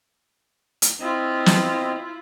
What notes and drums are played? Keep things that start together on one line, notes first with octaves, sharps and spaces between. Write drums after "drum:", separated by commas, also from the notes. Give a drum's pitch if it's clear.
drum: hi-hat
C4 E4 F4 D#5
drum: snare